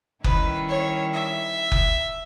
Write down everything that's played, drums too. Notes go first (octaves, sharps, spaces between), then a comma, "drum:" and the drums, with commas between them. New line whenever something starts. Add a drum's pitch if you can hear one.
D#3 G3 C#4 E4 B4, drum: kick F#1
C#5
E5
drum: kick F#1